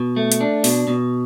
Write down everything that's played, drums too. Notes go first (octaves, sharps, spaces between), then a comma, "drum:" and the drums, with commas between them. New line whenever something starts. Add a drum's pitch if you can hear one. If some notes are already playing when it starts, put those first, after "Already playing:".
Already playing: B2
A3
drum: hi-hat
D4
B2, drum: open hi-hat
B2